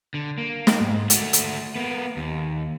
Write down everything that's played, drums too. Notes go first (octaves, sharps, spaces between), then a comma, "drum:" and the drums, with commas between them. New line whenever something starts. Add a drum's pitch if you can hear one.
D3
A#3
drum: snare
G#2
A3 F#4, drum: hi-hat
drum: hi-hat
A#3 B3
D#2